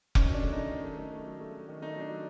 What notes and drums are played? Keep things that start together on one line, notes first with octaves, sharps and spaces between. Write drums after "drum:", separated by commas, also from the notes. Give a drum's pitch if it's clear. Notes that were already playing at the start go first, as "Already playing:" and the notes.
D#3 C#4, drum: kick F1
F#3 D4
A3
D#4
A3
D#3
A3
D#3
A3
F#3
A3
A3
D#3
A3 D#4
F#3 D4
F#3